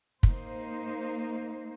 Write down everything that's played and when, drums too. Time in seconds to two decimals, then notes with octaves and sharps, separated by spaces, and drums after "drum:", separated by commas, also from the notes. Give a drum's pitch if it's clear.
0.23 A#3 D#4 C5, drum: kick